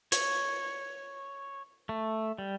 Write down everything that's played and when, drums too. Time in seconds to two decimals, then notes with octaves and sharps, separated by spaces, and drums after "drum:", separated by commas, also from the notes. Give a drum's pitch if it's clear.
0.12 C#5, drum: hi-hat
1.89 A3
2.38 G3